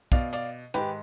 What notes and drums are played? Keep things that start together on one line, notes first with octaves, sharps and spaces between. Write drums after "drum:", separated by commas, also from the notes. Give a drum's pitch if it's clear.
B2 D5 F5, drum: kick
D5 F5, drum: hi-hat
G#2 D#3 G4 B4, drum: hi-hat